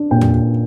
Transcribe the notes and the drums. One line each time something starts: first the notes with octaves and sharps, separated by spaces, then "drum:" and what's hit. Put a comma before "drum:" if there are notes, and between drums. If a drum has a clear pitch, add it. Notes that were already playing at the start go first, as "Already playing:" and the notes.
Already playing: D4
A#2 G5
drum: tom E2